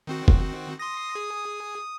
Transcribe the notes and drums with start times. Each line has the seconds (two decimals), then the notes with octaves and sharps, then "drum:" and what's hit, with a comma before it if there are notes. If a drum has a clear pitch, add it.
0.07 D#3 C4 F#4
0.28 drum: kick
0.79 C6 D#6 A#6
1.15 G#4